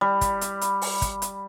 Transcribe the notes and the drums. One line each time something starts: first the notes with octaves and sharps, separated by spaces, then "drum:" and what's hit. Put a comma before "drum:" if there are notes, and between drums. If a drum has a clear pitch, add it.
G3
drum: kick, hi-hat
drum: hi-hat
drum: hi-hat
drum: open hi-hat
drum: kick, hi-hat
drum: hi-hat